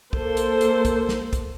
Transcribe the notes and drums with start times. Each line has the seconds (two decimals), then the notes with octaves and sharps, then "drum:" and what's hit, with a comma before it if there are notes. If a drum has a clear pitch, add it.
0.13 A#3 A4 C5, drum: kick
0.37 drum: hi-hat
0.61 drum: hi-hat
0.85 drum: kick, hi-hat
1.09 drum: snare
1.33 drum: kick, hi-hat